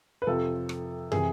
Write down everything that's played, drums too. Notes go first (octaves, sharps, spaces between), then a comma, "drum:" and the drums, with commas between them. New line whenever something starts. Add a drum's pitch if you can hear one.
B4
F2 C3 F3 A4
drum: rim click
C3 E3 G#4, drum: tom